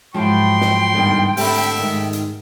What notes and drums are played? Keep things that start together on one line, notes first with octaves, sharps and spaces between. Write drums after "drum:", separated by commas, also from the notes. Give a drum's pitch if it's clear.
G#2 F3 F#3 G#3 E4 G5 C6
drum: snare
E2 G2 D#3
drum: tom B2
D3 A3 C4 G4 E5 B5, drum: open hi-hat
G#2 D#3
drum: hi-hat